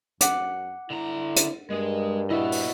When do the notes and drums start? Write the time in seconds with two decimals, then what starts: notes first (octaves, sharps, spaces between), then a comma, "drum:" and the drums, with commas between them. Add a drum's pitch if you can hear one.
0.21 F#2 F#5 D6, drum: hi-hat
0.90 D3 E4 A#5
1.36 drum: hi-hat
1.70 G2 G#3 G#4 A#4
2.30 E4 F#4 D#5
2.52 drum: open hi-hat